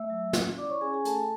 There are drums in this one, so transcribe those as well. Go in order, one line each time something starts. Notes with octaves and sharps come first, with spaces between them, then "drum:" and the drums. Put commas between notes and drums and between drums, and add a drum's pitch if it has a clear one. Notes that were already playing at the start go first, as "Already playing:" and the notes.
Already playing: A3 E5 E6
F#3
C#4, drum: snare
E4 D5 D6
C#5 C#6
C#4 G#4 G#5
G#4 G#5
A3 A4 A5, drum: hi-hat